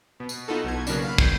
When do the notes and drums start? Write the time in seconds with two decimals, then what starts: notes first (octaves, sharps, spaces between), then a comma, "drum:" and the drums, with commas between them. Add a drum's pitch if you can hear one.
0.20 B2
0.29 drum: tambourine
0.48 B3 D#4 F4 F#4 A4
0.64 B1 B2 G#6
0.87 C#3 F#3 A#3 B3 C#4 D4, drum: tambourine
1.04 F5 B5
1.18 G5 G#6 C7, drum: kick